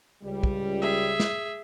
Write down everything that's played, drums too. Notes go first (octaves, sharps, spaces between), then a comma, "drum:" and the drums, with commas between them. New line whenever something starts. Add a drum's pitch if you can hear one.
C#2 G3
drum: kick
G#4 E5
drum: snare